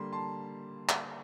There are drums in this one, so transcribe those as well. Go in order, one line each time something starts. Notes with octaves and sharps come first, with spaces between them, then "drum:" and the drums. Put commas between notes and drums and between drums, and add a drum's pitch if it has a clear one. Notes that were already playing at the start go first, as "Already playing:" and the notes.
Already playing: D3 G3 A#3 C6
A5 C6
drum: clap